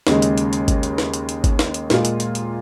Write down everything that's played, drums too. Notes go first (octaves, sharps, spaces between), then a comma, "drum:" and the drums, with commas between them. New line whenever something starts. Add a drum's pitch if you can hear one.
D#2 C#3 G#3, drum: snare
drum: hi-hat
drum: hi-hat
drum: hi-hat
drum: kick G#1, hi-hat
drum: hi-hat
drum: snare
drum: hi-hat
drum: hi-hat
drum: kick G#1, hi-hat
drum: snare
drum: hi-hat
A#2 G#3 F4, drum: snare
drum: hi-hat
drum: hi-hat
drum: hi-hat